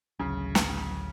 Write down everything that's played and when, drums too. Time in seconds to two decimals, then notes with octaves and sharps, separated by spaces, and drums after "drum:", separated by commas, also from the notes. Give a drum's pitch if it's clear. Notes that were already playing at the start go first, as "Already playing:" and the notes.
0.20 A1 D2 C#3 F#3
0.55 drum: snare